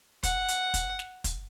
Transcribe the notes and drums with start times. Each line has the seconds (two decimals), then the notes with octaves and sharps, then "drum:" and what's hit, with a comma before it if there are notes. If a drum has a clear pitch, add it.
0.23 F#5, drum: kick, hi-hat
0.48 drum: hi-hat
0.74 drum: kick, hi-hat
0.99 drum: snare
1.24 drum: kick, hi-hat